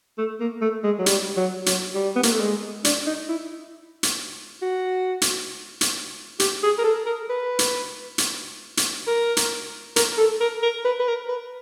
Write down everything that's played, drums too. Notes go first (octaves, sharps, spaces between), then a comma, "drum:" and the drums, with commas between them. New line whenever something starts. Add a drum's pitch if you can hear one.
A3
A#3
A3
G#3
F#3
G3, drum: hi-hat
F#3
F#3, drum: hi-hat
G3
B3
A#3, drum: hi-hat
A3
G#3
D4, drum: hi-hat
D#4
E4
drum: hi-hat
F#4
drum: hi-hat
drum: hi-hat
G4, drum: hi-hat
G#4
A#4
A4
A#4
B4
drum: hi-hat
drum: hi-hat
drum: hi-hat
A#4
drum: hi-hat
A#4, drum: hi-hat
A4
A#4
A#4
B4
B4
A#4
B4